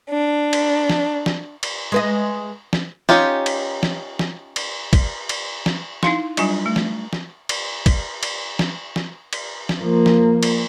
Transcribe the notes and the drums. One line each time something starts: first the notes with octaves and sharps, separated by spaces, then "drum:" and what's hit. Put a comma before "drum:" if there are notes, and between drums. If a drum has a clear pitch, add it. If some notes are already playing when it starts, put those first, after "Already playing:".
D4
drum: cymbal
drum: snare
drum: snare
drum: cymbal
G#3 B4 D#5
drum: snare
C#4 D#4 F4 G4, drum: snare
drum: cymbal
drum: snare
drum: snare
drum: cymbal
drum: kick, cymbal
drum: cymbal
drum: snare
D#4 E4 F5 C6, drum: snare
F#3 G3 D4 F4 G#5, drum: cymbal
A3
drum: snare
drum: snare
drum: cymbal
drum: kick, cymbal
drum: cymbal
drum: snare
drum: snare
drum: cymbal
drum: snare
F3 A#3
drum: snare
drum: cymbal